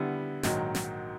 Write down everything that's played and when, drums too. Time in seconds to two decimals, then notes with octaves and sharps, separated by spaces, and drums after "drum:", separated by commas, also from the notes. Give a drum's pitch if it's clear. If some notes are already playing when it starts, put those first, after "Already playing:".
Already playing: D3 G3 B3 E4
0.43 A#1 G#2 D#3 F#3, drum: snare
0.75 drum: snare